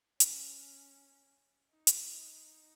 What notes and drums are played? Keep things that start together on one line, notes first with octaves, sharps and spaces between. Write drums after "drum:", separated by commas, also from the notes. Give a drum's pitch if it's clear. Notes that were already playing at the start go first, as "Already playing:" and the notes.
C#4, drum: hi-hat
D#4
drum: hi-hat